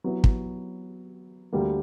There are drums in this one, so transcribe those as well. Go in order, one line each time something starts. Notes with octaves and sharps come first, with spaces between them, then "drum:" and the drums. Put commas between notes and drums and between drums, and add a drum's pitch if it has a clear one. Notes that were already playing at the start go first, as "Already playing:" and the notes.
F#3 B3 E4
drum: kick
D2 D3 G3 A#3